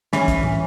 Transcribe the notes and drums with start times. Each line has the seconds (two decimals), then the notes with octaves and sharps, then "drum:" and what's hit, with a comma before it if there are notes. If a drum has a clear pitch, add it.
0.13 E3 C#4, drum: snare
0.28 drum: kick, hi-hat
0.43 drum: tom A2